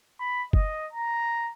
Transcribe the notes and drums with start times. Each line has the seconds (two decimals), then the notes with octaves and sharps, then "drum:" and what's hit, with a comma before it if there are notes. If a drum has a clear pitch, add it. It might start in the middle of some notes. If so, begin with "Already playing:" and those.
0.20 B5
0.53 D#5, drum: kick F#1
0.93 A#5